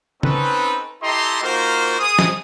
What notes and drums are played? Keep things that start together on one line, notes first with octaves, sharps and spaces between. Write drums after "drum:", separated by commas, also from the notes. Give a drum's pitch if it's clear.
C4 C#4 D#4 A4 B4, drum: tom
E4 G4 A4 D#5 A#5 C6
A#3 D#4 F4 F#4 A#4 C5
G#4 D#6
drum: snare